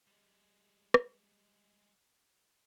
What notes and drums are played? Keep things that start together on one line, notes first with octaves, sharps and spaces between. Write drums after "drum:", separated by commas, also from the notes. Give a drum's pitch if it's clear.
G3 G#3
drum: rim click